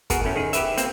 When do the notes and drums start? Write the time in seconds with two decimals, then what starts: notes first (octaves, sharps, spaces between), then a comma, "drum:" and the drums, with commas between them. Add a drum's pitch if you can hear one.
0.10 B3 F#4 G#4 A#4, drum: kick, hi-hat
0.24 A2 A3 C#4
0.36 D#3 G#4
0.53 G4 B4 E5, drum: hi-hat
0.77 A#3 C4, drum: hi-hat